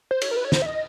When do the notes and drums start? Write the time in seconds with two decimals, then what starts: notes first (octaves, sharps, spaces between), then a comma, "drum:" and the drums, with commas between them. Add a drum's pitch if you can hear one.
0.11 C5
0.22 C#5, drum: cymbal
0.31 A#4
0.37 B4
0.45 C#5
0.52 C5, drum: snare
0.62 E5
0.66 D#5